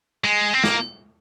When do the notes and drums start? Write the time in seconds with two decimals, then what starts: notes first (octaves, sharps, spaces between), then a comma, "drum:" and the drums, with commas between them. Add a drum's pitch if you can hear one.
0.24 G#3
0.54 C4
0.64 A#3, drum: snare